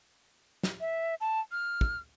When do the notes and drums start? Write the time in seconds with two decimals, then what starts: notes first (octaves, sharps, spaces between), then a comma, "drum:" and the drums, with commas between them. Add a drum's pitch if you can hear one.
0.63 drum: snare
0.80 E5
1.20 A5
1.52 F6
1.81 drum: kick